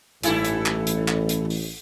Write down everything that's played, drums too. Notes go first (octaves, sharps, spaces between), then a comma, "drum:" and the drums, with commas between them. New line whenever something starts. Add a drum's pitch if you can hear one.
A1 G2 E4 A4, drum: hi-hat
drum: hi-hat
drum: clap
drum: hi-hat
drum: clap
drum: hi-hat
drum: open hi-hat